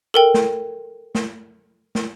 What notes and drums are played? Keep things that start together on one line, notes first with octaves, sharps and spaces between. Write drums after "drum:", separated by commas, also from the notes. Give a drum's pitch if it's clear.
A4 A#4 G5
drum: snare
drum: snare
drum: snare